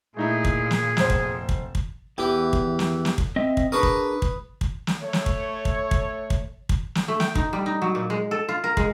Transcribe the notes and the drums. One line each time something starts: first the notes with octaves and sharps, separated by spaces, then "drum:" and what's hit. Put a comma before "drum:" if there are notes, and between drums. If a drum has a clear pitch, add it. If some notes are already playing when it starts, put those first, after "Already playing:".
A#2 A3 D#4 E4 G#4
drum: kick
drum: snare
F1 C5, drum: snare
drum: kick
drum: kick
drum: kick
E2 E3 G4
drum: kick
drum: snare
drum: snare
drum: kick
C4 D#5 E5
drum: kick
D4 G#4 A#4 B4 C#6 D#6
drum: kick
drum: kick
drum: kick
drum: snare
A3 C#5
drum: snare
drum: kick
drum: kick
drum: kick
drum: kick
drum: kick
drum: snare
A3
G5, drum: snare
D#4, drum: kick
G3
D#4
F#3
A#2
G#3
A4
F4
A#4
G#3, drum: kick